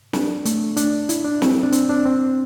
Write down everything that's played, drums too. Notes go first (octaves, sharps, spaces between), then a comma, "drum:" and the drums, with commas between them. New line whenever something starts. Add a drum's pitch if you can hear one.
D4, drum: snare
A3, drum: hi-hat
D4, drum: hi-hat
E4, drum: hi-hat
D4
C4, drum: snare
D4
C4, drum: hi-hat
D4
C4